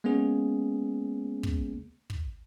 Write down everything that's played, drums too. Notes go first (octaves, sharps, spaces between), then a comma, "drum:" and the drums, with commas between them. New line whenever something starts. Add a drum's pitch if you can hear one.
G#3 A#3 B3 C#4 G#4
drum: kick
drum: kick